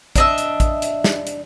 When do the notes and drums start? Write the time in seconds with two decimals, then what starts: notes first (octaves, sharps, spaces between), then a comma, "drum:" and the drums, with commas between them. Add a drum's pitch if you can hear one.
0.16 D4 D#5 E5, drum: kick, hi-hat
0.38 drum: hi-hat
0.60 drum: kick, hi-hat
0.82 drum: hi-hat
1.04 drum: snare
1.27 drum: hi-hat